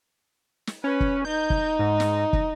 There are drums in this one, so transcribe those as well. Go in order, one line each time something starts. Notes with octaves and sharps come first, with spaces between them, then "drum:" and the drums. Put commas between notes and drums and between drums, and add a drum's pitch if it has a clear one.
drum: snare
C#4 B4
drum: kick
D#4 G6
drum: kick
G#2
drum: snare
drum: kick